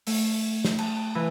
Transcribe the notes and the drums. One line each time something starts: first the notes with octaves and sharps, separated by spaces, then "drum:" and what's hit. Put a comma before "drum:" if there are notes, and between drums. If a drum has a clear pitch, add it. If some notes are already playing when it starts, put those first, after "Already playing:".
A3, drum: open hi-hat
drum: snare
A5, drum: cymbal
E3